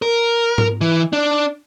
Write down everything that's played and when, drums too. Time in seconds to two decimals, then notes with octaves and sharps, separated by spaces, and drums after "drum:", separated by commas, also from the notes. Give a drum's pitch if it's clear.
0.02 A#4
0.58 drum: tom G#2
0.81 E3
1.13 D4